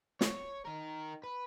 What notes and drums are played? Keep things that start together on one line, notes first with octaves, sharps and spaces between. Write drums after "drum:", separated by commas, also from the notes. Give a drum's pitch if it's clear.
C#5, drum: snare
D#4 A#4
B4